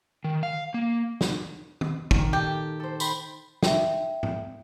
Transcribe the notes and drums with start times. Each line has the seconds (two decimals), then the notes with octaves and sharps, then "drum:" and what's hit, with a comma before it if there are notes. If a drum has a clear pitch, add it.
0.24 D#3
0.43 F5
0.74 A#3
1.21 drum: snare
1.81 drum: tom
2.11 A#2 D#3, drum: kick
2.33 G4 A4
2.80 A4 C5
3.00 G5 B5 C6, drum: tambourine
3.63 E5 G5, drum: snare
4.23 drum: tom G#2